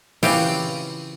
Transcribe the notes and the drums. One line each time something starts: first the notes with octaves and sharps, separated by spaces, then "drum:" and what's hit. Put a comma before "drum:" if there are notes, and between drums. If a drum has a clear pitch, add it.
C#3 E3 C4 C#4 F4 G4, drum: open hi-hat